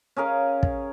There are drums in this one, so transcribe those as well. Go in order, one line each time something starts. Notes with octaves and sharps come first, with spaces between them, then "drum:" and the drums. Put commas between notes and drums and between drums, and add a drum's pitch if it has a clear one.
C#4 G#4 A#4 F5
drum: kick